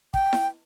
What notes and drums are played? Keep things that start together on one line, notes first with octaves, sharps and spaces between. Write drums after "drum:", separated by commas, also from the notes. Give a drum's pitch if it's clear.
G5, drum: kick
drum: snare E4